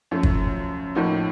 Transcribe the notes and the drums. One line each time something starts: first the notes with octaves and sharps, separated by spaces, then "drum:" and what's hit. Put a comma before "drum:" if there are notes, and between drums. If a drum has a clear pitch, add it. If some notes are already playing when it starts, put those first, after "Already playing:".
F#2 F3 A3
drum: kick
A2 F3 A#3 D#4 F#4